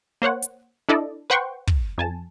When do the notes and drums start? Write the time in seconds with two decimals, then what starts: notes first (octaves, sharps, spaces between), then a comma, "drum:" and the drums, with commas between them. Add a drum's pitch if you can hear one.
0.22 A#3 C5 C#5 F#5
0.42 drum: hi-hat
0.89 D4 E4 A4 D5 D#5
1.30 B4 C5 F#5 G5 C6 C#6
1.67 drum: kick
1.98 F2 G#5 A5